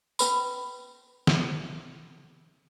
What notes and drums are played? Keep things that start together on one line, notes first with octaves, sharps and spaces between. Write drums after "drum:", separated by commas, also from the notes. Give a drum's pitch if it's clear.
C#4 B4 B5, drum: tambourine
drum: snare